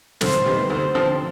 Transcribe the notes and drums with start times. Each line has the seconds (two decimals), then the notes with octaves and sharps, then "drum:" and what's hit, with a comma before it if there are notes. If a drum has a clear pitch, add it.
0.21 D2 C5, drum: snare
0.45 C3 D#3 G3 B3
0.70 D2 C5
0.94 D3 F3 C4 F4